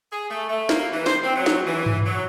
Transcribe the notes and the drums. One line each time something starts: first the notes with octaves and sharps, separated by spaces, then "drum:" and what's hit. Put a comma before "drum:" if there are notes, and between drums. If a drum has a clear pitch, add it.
G#4
A3
A3
A#3, drum: snare
E3
C5, drum: snare
C4
F#3
drum: snare
E3
drum: tom G2
F#3